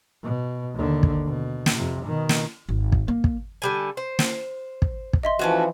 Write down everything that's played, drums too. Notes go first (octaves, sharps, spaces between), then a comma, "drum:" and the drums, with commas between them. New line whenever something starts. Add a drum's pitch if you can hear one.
B2
D#2 D3
drum: kick
B2
drum: snare
F2 C3
B2 D#3
drum: snare
G#1
drum: kick
A#3
drum: kick
D3 G3 G#5
C5
drum: snare
drum: kick
drum: kick
D#5 E5 C6
E3 F3 A3 C#4 F#4